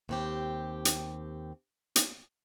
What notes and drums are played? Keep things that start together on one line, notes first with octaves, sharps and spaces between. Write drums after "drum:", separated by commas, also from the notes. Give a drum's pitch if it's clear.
D#2 C4 G4
drum: hi-hat
drum: hi-hat